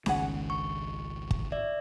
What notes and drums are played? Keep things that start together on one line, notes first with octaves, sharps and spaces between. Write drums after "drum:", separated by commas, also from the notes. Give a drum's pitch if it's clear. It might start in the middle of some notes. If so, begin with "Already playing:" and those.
G#1 C#2 D#3 C#4 G#4 F#5, drum: snare C#4
C#6
drum: kick
D5 E5